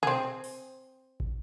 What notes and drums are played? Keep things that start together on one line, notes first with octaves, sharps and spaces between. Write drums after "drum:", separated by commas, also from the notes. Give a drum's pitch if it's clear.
C4 G#4, drum: tom
drum: open hi-hat
drum: kick